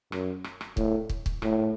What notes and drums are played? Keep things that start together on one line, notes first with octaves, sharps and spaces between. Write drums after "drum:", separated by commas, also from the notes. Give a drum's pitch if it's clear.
F#2, drum: rim click
drum: rim click
drum: rim click
A2, drum: kick
drum: kick
drum: kick
A2, drum: rim click